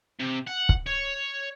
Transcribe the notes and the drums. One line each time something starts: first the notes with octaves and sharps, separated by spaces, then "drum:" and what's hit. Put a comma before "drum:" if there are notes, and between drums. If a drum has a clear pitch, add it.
C3
F#5
drum: kick
C#5